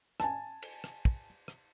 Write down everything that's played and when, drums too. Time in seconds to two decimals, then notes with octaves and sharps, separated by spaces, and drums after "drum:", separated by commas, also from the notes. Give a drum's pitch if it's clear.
0.20 G#5 A5, drum: rim click
0.62 drum: cymbal
0.84 drum: rim click
1.05 drum: kick
1.48 drum: rim click